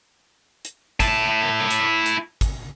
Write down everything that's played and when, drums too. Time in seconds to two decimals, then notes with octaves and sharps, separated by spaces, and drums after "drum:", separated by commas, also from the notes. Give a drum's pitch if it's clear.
0.65 drum: hi-hat
1.00 E4 A5, drum: kick, hi-hat
1.71 drum: hi-hat
2.06 drum: hi-hat
2.41 drum: kick, hi-hat